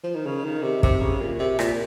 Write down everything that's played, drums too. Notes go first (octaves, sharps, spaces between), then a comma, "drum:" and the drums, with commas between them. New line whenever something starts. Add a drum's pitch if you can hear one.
F3
D#3
C#3
D#3
C3
C3, drum: kick
C#3
A#2
C3
A#2, drum: rim click